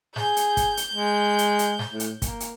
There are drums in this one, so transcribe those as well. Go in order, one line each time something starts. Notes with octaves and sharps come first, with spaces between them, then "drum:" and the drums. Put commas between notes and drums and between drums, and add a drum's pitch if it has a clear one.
G#4 G6, drum: snare G#2
drum: hi-hat
drum: kick, hi-hat
drum: hi-hat
G#3
drum: hi-hat
drum: hi-hat
drum: snare G#2
A2
drum: hi-hat
A#3, drum: kick, hi-hat
drum: hi-hat